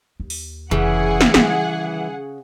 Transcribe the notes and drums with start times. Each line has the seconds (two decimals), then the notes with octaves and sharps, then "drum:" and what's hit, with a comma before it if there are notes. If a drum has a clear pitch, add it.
0.20 D#2
0.30 drum: open hi-hat
0.71 F1 C#3 E3 G#4 F#5
1.21 drum: snare
1.34 D#3 G3, drum: snare